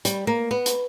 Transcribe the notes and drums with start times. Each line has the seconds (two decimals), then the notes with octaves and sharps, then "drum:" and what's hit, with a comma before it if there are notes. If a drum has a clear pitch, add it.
0.05 G3, drum: hi-hat
0.27 A#3
0.51 B3
0.66 drum: hi-hat